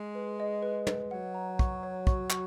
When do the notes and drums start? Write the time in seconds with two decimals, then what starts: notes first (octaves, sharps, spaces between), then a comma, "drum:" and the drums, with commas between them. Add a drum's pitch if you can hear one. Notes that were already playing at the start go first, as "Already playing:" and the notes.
Already playing: G#3
0.15 B4
0.40 D#5
0.63 B4
0.87 B4, drum: tom
1.11 F#3 F#5
1.34 A#5
1.59 C#6, drum: kick
1.83 C#5
2.07 C#6, drum: kick
2.30 C#6, drum: clap